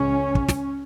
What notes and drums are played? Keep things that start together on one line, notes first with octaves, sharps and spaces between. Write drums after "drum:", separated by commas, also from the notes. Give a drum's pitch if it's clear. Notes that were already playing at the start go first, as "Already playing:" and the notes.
Already playing: C#2 C#3 C#4
drum: kick
drum: snare